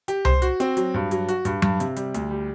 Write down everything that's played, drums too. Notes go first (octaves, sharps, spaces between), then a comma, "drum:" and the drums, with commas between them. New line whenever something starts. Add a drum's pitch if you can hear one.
G4, drum: hi-hat
C5, drum: tom C2
F#4, drum: hi-hat
C4, drum: hi-hat
F#3, drum: hi-hat
G2
F#3, drum: hi-hat
F#4, drum: hi-hat
G2, drum: hi-hat
G2, drum: tom F#3
C3, drum: hi-hat
G3, drum: hi-hat
D2, drum: hi-hat
G3